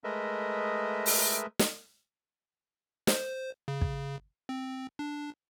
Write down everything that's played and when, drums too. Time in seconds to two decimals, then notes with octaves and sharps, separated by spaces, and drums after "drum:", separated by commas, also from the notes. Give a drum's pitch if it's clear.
0.04 G#3 A3 A#4 B4 D#5 E5
1.06 drum: open hi-hat
1.59 drum: snare
3.07 C5, drum: snare
3.68 C#3
3.81 drum: kick
4.49 C4
4.99 D4